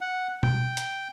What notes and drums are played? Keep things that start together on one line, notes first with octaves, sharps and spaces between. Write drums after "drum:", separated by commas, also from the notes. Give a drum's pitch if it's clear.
F#5
G5, drum: tom B2
drum: hi-hat